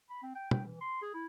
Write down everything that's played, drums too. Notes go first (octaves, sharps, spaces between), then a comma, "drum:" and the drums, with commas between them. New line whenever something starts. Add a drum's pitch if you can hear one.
B5
C4
G5
G5, drum: tom
E3
C6
G#4
E4